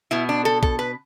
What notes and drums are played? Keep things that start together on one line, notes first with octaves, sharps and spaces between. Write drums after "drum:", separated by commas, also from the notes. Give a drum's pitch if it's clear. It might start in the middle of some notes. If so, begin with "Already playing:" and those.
B2 B3 E4
D4
A4
A4, drum: kick
B4